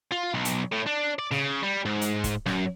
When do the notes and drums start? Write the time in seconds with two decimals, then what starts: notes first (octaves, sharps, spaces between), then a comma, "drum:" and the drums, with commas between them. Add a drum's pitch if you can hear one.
0.12 F4
0.34 B1
0.45 drum: hi-hat
0.72 A2
0.86 D4
1.19 D5
1.31 C#3, drum: snare
1.63 G3
1.86 G#2
2.01 drum: hi-hat
2.24 drum: kick C#1, hi-hat
2.46 F#2, drum: snare